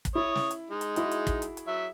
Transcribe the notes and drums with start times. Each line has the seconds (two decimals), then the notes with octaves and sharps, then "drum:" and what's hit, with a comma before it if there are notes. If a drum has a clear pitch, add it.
0.05 drum: kick, hi-hat
0.15 E4 C#5 D#6
0.35 drum: snare
0.51 drum: hi-hat
0.70 G#3 D#4
0.81 drum: hi-hat
0.96 E4 F#4 G#4, drum: hi-hat
1.11 drum: hi-hat
1.27 drum: kick, hi-hat
1.42 drum: hi-hat
1.57 drum: hi-hat
1.67 F#3 E5